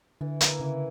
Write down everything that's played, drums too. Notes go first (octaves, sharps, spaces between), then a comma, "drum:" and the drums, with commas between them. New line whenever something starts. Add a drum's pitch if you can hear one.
D3 E3
A#3 E4 B4, drum: hi-hat
C#3 E3